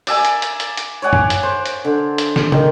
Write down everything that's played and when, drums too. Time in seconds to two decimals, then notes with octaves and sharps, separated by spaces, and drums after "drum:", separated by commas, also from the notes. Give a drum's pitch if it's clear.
0.07 D5 E5 G#5 A#5, drum: open hi-hat
0.25 drum: hi-hat
0.42 drum: hi-hat
0.60 drum: hi-hat
0.77 drum: hi-hat
1.02 C#5 D5 F#5 G#5
1.13 drum: tom
1.30 drum: hi-hat
1.43 C5
1.66 drum: hi-hat
1.85 D3
2.18 drum: hi-hat
2.36 drum: snare
2.52 D#3, drum: tom